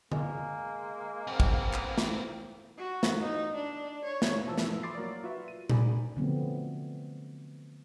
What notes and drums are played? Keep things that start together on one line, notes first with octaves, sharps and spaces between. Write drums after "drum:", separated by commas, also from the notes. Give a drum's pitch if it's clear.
G#3 A#3, drum: tom D3
B3 C4
drum: kick
drum: clap
drum: snare
F#4
drum: snare
D#4
D4
C#5
drum: snare
B2 E3 F3 A5 E6
drum: snare
B5 C6 D6 D#6 A6 C7
F#3 A#3 A#4 C#5 D5
F4 F#4 B4 E5
D#7
D#4 D5 G#5 A#5 B5, drum: tom A#2
D3 F3 F#3 A3 B3 C4